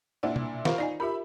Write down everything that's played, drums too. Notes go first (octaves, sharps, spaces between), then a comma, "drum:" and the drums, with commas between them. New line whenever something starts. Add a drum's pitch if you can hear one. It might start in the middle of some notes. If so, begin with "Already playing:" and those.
A#2 D4 E4 F#5
drum: tom B2
F4 A#4 C5 F5 B5 C#6, drum: snare
D#4 D5 D#5 G#5
F4 G4 A#4 E5 B5